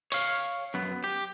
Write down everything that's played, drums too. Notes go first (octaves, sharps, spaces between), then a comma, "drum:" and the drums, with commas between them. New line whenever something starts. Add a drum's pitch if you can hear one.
C#5 F5, drum: open hi-hat
F#2 B3
G4